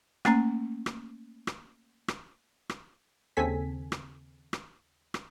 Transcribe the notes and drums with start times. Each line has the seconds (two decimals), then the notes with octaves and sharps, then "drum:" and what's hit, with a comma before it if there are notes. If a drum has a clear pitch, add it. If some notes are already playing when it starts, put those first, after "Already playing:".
0.25 A3 A#3 C#4 A#5, drum: rim click
0.86 drum: rim click
1.47 drum: rim click
2.08 drum: rim click
2.69 drum: rim click
3.37 D#2 C#3 C4 A4 G#5 B6
3.92 drum: rim click
4.53 drum: rim click
5.14 drum: rim click